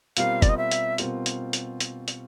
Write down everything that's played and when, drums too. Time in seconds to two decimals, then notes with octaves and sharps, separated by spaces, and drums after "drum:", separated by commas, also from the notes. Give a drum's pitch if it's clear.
0.17 B2 G3 C4 F4 A#4 F5, drum: hi-hat
0.42 D5, drum: kick, hi-hat
0.49 D#5
0.58 E5
0.71 drum: hi-hat
0.98 B2 G3 C4 F4 A#4, drum: hi-hat
1.26 drum: hi-hat
1.53 drum: hi-hat
1.80 drum: hi-hat
2.08 drum: hi-hat